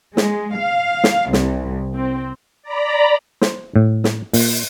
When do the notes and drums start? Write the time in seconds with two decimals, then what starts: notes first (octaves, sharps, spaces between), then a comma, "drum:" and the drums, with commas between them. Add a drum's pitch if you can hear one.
0.17 G#3, drum: snare
0.57 F5
1.04 drum: snare
1.33 C2, drum: snare
1.96 C4
2.62 D5 A#5 B5
3.42 C5, drum: snare
3.76 A2
4.04 drum: snare
4.33 A#2, drum: open hi-hat